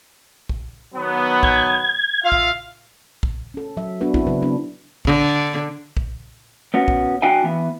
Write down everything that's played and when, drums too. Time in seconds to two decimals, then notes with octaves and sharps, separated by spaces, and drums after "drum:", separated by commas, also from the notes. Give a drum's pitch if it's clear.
0.49 drum: kick B1
0.95 D#3 F#3 B3
1.43 G#6, drum: kick B1
2.23 F4 E5 F5
2.32 drum: kick B1
3.23 drum: kick B1
3.54 C#4 A4
3.77 F#3 E5
4.01 B3 D4 F#4 B4
4.14 C4 D4 E4, drum: kick B1
4.27 C#3 F#3 B4
4.42 B3 D4
5.05 D3, drum: kick B1
5.97 drum: kick B1
6.74 B3 C#4 F#4
6.88 drum: kick B1
7.22 D4 F#4 F5 G5 G#5
7.44 E3 B3